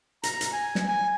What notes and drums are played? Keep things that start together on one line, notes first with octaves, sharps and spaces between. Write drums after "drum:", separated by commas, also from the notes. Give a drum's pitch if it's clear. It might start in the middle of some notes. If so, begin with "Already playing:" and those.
A#5, drum: hi-hat
drum: hi-hat
G#5
drum: snare
G#5